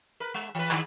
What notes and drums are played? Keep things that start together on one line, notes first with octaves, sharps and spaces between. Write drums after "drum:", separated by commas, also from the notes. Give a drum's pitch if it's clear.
A#4 B4
G#3
E3 B4
G#2 D#3, drum: clap